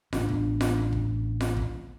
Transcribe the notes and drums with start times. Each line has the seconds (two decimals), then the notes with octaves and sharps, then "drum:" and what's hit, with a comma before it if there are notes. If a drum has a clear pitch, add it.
0.13 A1 B3 D4, drum: snare F4
0.29 drum: kick
0.61 drum: snare F4
0.93 drum: kick
1.41 drum: snare F4
1.57 drum: kick